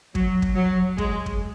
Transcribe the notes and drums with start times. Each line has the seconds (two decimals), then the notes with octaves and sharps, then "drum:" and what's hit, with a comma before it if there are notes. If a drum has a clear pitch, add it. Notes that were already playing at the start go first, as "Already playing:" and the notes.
0.15 F#3, drum: kick
0.42 drum: kick
0.56 F#3
0.98 G#3, drum: kick
1.26 drum: kick